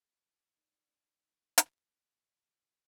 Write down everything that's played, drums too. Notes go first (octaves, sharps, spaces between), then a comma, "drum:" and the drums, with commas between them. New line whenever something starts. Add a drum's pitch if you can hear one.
D#4 D5
drum: hi-hat